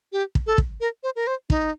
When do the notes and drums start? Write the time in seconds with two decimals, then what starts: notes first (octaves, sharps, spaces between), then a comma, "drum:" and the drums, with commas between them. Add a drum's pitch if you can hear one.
0.12 G4
0.35 drum: kick
0.47 A4
0.58 drum: kick
0.81 A#4
1.03 C5
1.16 A#4
1.27 C5
1.50 D#4, drum: kick